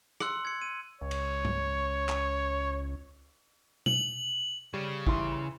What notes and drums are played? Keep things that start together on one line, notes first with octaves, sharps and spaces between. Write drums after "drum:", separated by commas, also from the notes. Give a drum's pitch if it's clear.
C6 E6 F#6 C#7 F#7, drum: rim click
G#6 C#7
D#7
C#2 C#5
drum: cymbal
drum: tom G#2
drum: clap
F#7, drum: tom B2
C#3 G3
E3 C6, drum: kick G#1